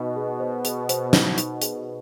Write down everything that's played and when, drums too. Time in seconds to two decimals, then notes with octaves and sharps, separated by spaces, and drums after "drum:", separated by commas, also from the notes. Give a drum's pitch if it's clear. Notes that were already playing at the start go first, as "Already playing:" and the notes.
Already playing: B2 D#4 D#5
0.16 G#4
0.40 C5
0.65 G#4, drum: hi-hat
0.89 C5, drum: hi-hat
1.13 D#4, drum: snare
1.38 D#4, drum: hi-hat
1.62 G#4, drum: hi-hat